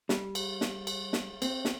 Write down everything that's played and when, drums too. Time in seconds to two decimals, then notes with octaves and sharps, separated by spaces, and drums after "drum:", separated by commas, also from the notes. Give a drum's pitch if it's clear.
0.09 G3, drum: snare
0.35 drum: cymbal
0.61 drum: snare
0.87 drum: cymbal
1.13 drum: snare
1.42 C4, drum: cymbal
1.65 drum: snare